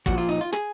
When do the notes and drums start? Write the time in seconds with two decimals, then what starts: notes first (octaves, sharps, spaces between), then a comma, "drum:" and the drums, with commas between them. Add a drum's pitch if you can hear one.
0.06 A#2 F3 F#4, drum: kick
0.18 F4
0.29 D#4
0.41 F4
0.53 G#4, drum: rim click